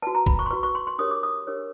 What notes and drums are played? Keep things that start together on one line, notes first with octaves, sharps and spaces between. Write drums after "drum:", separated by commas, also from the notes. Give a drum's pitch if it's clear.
F#4 B4 A5
A#5
B5, drum: kick
C#6
C6
F#4 B4 C#6
C#6
C6
C6
D4 G4 A#4 C#5 D#6
D6
D#6
D4 G4 A#4 C#5